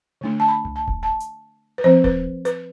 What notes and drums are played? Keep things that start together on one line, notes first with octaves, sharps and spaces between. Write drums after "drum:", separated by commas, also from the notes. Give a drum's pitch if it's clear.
D3 A3 D4
A5
B5
drum: tom C2
A5
drum: kick D#1
A5
drum: hi-hat
B4
F3 C4 C5
B4, drum: kick D#1
B4, drum: hi-hat